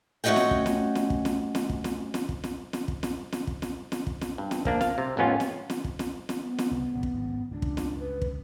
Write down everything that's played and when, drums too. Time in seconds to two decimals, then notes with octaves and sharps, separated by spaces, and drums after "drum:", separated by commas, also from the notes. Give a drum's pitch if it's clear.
0.24 A3 C#4 F#4 D#5 F#5 G5
0.36 drum: snare
0.51 drum: kick
0.66 drum: snare
0.95 drum: snare
1.10 drum: kick
1.25 drum: snare
1.55 drum: snare
1.69 drum: kick
1.84 drum: snare
2.14 drum: snare
2.29 drum: kick
2.44 drum: snare
2.73 drum: snare
2.88 drum: kick
3.03 drum: snare
3.32 drum: snare
3.47 drum: kick
3.62 drum: snare
3.92 drum: snare
4.07 drum: kick
4.21 drum: snare
4.38 G2
4.51 drum: snare
4.65 A#1 A#3 D4, drum: kick
4.81 F5, drum: snare
4.98 C3
5.17 A1 F2 B3 C#4 F4
5.40 drum: snare
5.70 drum: snare
5.84 drum: kick
5.99 drum: snare
6.29 drum: snare
6.39 B3
6.58 drum: snare
6.71 C2 C#3 F3
6.94 G1 G#2 D3
7.03 drum: kick
7.14 G#1 F#2
7.51 C#2 G2 D4
7.62 drum: kick
7.77 drum: snare
7.99 B4
8.22 drum: kick